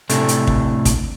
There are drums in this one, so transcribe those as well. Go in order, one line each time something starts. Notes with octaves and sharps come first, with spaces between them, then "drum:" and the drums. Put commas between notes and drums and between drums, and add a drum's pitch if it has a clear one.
A2 C3 A3 D4, drum: hi-hat
drum: hi-hat
drum: kick
drum: kick, hi-hat